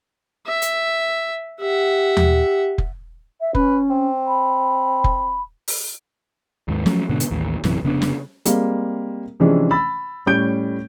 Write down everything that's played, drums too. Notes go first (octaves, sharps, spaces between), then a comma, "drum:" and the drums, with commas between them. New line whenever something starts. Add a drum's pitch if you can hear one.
E5
drum: hi-hat
G4 E5 F#5
drum: tom D#2
drum: kick F1
E5
C#4 B4, drum: kick F1
C4
B5
drum: kick F1
drum: open hi-hat
D#2 G#2
F3 F#3 A3 C#4, drum: snare
G#2 B2 D3 B3
drum: hi-hat
A1 D#2
A#1 F#2 C3 E3, drum: snare
F1 C#3 B3 D4
drum: snare
G3 G#3 A#3 C4, drum: hi-hat
C3 E3 F3 G#3 C#4 D4
B5 E6 A6
A2 G3 C#4 G6 D7